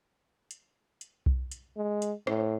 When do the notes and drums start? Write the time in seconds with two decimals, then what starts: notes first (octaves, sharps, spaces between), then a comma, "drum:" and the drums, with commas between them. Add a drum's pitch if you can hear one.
0.51 drum: hi-hat
1.01 drum: hi-hat
1.26 drum: kick B1
1.51 drum: hi-hat
1.76 G#3
2.02 drum: hi-hat
2.27 A2, drum: rim click